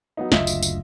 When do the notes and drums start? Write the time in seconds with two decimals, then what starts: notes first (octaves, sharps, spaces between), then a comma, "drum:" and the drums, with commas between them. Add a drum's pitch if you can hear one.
0.17 F#3 B3 D#4
0.32 F#1 D2 F4 D#5 E5, drum: snare
0.47 drum: tambourine
0.63 drum: tambourine